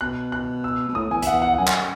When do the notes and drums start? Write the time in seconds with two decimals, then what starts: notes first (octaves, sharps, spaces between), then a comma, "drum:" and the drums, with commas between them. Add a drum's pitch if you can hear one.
0.01 B2 F#6
0.32 F#6
0.64 E6
0.88 B2
0.95 A2 D#6
1.10 E2 G#5
1.22 E5, drum: hi-hat
1.27 E2 F#5
1.42 F#5
1.54 F#5
1.58 F#2 G#5
1.67 drum: clap